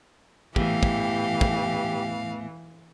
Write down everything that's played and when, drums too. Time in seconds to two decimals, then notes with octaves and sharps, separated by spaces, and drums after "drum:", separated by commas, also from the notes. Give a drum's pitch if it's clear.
0.56 E2 A2 E3 G4 F5, drum: kick
0.83 drum: kick
1.41 drum: kick